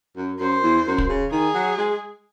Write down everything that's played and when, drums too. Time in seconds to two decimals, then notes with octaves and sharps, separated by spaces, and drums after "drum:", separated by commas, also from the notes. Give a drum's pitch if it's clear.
0.17 F#2
0.40 F#2 C5
0.63 E2
0.87 F#2
0.98 drum: kick
1.09 C#3
1.32 D#3 G#4
1.55 F#3
1.78 G#3